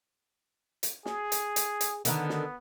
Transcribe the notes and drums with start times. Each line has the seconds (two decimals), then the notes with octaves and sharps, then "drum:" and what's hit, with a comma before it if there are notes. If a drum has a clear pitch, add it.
0.83 drum: hi-hat
1.06 G#4, drum: snare
1.32 drum: hi-hat
1.56 drum: hi-hat
1.81 drum: hi-hat
2.05 D3 D#3 B3, drum: hi-hat
2.29 drum: snare